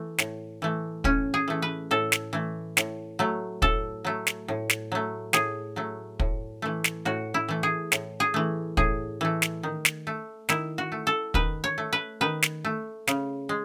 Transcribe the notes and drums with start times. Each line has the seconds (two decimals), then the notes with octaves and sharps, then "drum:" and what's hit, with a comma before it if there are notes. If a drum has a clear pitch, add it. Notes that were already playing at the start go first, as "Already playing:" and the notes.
Already playing: E3 A3
0.18 A2, drum: snare
0.62 E3 A3
1.04 A2 C#4, drum: kick
1.34 G#4
1.48 E3 A3
1.62 B4
1.91 A2 A4
2.12 drum: snare
2.33 E3 A3
2.77 A2, drum: snare
3.19 F#3 A3
3.62 A2 A4, drum: kick
4.04 F#3 A3
4.27 drum: snare
4.48 A2
4.70 drum: snare
4.92 F#3 A3
5.33 A2 G#4, drum: snare
5.76 F#3 A3
6.20 A2, drum: kick
6.62 E3 A3
6.84 drum: snare
7.05 A2 F#4
7.34 E4
7.49 E3 A3
7.63 G#4
7.92 A2, drum: snare
8.20 G#4
8.34 E3 A3
8.77 A2 G#4, drum: kick
9.21 E3 A3
9.42 drum: snare
9.63 D#3
9.85 drum: snare
10.07 A3
10.49 D#3 E4, drum: snare
10.78 F#4
10.92 A3
11.07 A4
11.34 D#3 B4, drum: kick
11.64 C#5
11.78 A3
11.93 B4
12.21 D#3 B4
12.42 drum: snare
12.65 A3
13.07 C#3, drum: snare
13.49 G#3